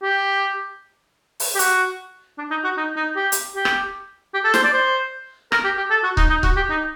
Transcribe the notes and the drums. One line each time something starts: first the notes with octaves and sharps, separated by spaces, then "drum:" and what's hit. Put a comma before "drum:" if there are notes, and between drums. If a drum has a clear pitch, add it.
G4
drum: open hi-hat
G4
F#4, drum: hi-hat
D4
D#4
F#4
D#4
D#4
G4
drum: hi-hat
G4
drum: rim click
G4
A4
C5, drum: snare
D5
C5
A#4, drum: rim click
G4
G4
A4
F#4
D#4, drum: kick C#1
D#4
F#4, drum: kick C#1
G4
D#4